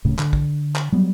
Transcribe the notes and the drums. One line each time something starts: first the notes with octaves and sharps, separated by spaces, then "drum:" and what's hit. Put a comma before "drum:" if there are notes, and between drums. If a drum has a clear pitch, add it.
D1 A2 C#3
D3, drum: clap
drum: kick
drum: clap
F#3 G3 B3